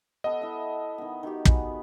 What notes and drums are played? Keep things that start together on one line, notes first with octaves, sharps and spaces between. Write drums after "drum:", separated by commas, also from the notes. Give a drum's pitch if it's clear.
B3 A4 D#5 F#5
E4 E5
D#3 B3
D#3 F#4 G4
B3 G#4 B4, drum: kick